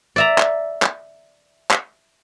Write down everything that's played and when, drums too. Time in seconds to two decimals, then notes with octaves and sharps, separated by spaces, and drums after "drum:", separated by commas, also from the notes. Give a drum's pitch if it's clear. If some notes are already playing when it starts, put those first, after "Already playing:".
0.16 D5 E5 A#5
0.38 drum: clap
0.82 drum: clap
1.71 drum: clap